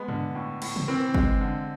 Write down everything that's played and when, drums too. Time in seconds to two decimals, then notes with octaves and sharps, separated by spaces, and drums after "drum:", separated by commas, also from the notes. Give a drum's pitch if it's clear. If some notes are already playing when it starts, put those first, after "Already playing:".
Already playing: G#3 B3
0.08 D3, drum: tom G2
0.35 A2
0.62 A2, drum: cymbal
0.76 drum: tom C3
0.88 E3 C4
1.14 G#3, drum: kick
1.41 D3